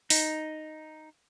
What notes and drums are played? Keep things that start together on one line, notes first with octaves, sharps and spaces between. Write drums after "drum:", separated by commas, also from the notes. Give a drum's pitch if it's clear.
D#4, drum: open hi-hat